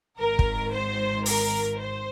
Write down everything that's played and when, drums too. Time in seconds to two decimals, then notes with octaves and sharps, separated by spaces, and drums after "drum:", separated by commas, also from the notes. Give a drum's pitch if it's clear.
0.18 G#1 G#2 D#3 A#4
0.39 drum: kick
0.73 C5
1.26 A#4, drum: open hi-hat
1.80 C5